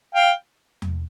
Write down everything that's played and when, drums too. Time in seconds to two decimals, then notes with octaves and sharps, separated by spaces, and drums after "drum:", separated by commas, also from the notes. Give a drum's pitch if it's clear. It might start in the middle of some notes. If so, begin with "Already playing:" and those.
0.15 F5 G5
0.82 drum: tom E2